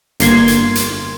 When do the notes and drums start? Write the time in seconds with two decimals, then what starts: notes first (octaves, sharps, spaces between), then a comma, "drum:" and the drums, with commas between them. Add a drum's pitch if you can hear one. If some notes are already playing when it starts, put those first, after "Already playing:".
0.20 G1 A#3 C6 G#6, drum: hi-hat
0.48 drum: hi-hat
0.75 drum: hi-hat